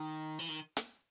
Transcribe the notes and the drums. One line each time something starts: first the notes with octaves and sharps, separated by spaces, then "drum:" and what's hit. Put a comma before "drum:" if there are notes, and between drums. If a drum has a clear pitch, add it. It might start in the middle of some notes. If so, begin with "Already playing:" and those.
Already playing: D#3
E3
D#3
drum: hi-hat